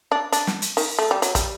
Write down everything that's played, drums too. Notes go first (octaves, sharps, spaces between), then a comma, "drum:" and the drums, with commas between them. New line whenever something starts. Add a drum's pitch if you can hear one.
D4
D4, drum: hi-hat
drum: snare
drum: hi-hat
D#3, drum: open hi-hat
A3
G3
F#3, drum: hi-hat
G3, drum: kick, hi-hat